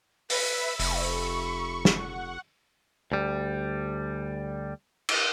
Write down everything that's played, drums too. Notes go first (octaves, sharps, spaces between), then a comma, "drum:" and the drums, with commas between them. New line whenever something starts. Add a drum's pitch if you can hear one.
B4 E5 B5 E6, drum: open hi-hat
F1 B5 C#6, drum: open hi-hat
F#5, drum: snare
D2 G3
drum: cymbal